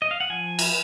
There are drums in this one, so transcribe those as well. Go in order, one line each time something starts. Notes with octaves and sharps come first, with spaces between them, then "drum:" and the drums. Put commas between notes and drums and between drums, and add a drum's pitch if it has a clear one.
D#5
F5
F#5
F3 G#5
drum: cymbal